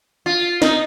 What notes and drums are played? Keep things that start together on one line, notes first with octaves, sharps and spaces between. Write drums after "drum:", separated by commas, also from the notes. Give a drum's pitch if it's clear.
F4
D#4, drum: snare